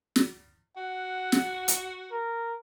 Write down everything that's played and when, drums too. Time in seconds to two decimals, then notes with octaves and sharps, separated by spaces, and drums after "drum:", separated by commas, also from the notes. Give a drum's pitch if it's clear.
0.16 drum: snare
0.77 F#4 F#5
1.32 drum: snare
1.68 drum: hi-hat
2.11 A#4